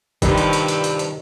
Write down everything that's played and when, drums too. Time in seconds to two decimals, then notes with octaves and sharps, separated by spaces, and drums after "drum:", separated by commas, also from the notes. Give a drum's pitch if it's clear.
0.22 G2 C3 D#3 F3 G3, drum: kick, hi-hat
0.37 drum: hi-hat
0.53 drum: hi-hat
0.68 drum: hi-hat
0.84 drum: hi-hat
0.99 drum: hi-hat